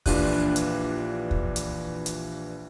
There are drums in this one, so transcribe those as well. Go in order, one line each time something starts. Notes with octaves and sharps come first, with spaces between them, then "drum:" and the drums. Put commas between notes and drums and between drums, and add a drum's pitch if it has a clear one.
A#1 E3 D4 F4 G4 F#6, drum: kick, open hi-hat
drum: hi-hat
drum: kick
drum: hi-hat
drum: hi-hat